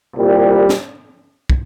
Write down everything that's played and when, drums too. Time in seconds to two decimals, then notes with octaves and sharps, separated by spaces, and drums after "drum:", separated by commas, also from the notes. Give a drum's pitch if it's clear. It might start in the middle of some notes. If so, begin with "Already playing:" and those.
0.16 C2 A#2 G3
0.69 drum: snare
1.50 drum: kick